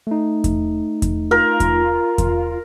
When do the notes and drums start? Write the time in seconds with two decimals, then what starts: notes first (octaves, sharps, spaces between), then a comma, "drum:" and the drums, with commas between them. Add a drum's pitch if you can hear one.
0.07 A3 D#4
0.44 drum: kick E2, hi-hat
1.02 drum: kick E2, hi-hat
1.31 F4 A#4
1.60 drum: kick E2, hi-hat
2.18 drum: kick E2, hi-hat